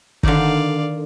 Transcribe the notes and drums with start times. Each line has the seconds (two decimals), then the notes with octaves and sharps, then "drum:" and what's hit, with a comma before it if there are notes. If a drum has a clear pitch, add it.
0.23 D3 D#3 D#4 D5 F5, drum: kick